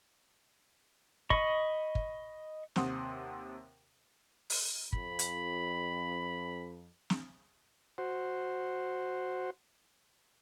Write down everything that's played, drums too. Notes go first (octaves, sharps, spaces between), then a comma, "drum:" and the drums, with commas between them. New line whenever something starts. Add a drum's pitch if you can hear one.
D#5 B5 C#6, drum: kick
drum: kick
D#2 C3 C4 F#5 C6 D#6, drum: snare
drum: open hi-hat
F2 B5, drum: kick
drum: hi-hat
drum: snare
F#4 C5